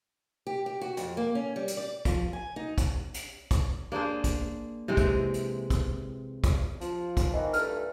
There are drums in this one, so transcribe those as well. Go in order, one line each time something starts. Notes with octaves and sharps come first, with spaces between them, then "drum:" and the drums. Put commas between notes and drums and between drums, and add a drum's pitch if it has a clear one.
G4
G4
F#4
F2, drum: hi-hat
A#3
C#4
G3
drum: hi-hat
D5
F3, drum: kick, hi-hat
G#5
D#4
drum: kick, hi-hat
drum: hi-hat
drum: kick, hi-hat
A#3 D4 G#4 C5
drum: kick, hi-hat
C3 E3 G#3 C4
drum: kick, hi-hat
drum: hi-hat
drum: kick, hi-hat
drum: kick, hi-hat
F3, drum: hi-hat
drum: kick, hi-hat
D#3 E3 D#5
G2 A#2 A3 F6, drum: hi-hat